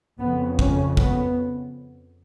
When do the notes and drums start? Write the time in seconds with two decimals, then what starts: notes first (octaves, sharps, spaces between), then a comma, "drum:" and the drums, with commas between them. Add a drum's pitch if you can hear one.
0.19 F2 C#3 B3
0.59 C#4, drum: kick
0.97 B3, drum: kick